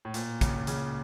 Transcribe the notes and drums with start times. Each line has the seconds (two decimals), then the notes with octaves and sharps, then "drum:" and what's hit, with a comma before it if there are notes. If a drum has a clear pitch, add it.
0.05 A2
0.14 A#2, drum: hi-hat
0.41 C#2 C#3, drum: kick, hi-hat
0.67 C#2 C#3, drum: hi-hat